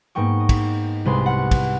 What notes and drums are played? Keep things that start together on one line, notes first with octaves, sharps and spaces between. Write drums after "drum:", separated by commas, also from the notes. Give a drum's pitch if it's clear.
G#2 A#3 B3 G5 C#6
D#5
drum: kick, cymbal
C2 C3 G#3 B4 B5 C6
F#5 F#6
drum: kick, cymbal